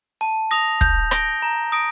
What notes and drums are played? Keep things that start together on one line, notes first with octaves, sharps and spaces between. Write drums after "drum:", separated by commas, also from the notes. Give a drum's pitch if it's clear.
A5
D#6 A#6 F7
G6, drum: kick
A#6 D7 G7, drum: rim click
A#5
D#6 A#6 D7